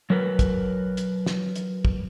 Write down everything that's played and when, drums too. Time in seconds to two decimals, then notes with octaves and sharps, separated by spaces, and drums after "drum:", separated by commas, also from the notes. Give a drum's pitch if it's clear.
0.10 F#3 A#4 B4
0.39 drum: kick, hi-hat
0.97 drum: hi-hat
1.26 drum: snare
1.56 drum: hi-hat
1.85 drum: kick